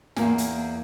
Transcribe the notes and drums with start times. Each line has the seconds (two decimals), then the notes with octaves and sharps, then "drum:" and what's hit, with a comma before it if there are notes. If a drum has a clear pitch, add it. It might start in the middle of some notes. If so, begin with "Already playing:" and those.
0.16 E2 A#3 G#5, drum: snare
0.38 drum: hi-hat